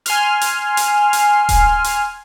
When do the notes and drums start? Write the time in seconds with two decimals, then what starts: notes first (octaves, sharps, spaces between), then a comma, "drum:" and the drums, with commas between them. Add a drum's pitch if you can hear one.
0.06 G#5 C6 F6, drum: hi-hat
0.41 drum: hi-hat
0.77 drum: hi-hat
1.13 drum: hi-hat
1.49 drum: kick D#1, hi-hat
1.84 drum: hi-hat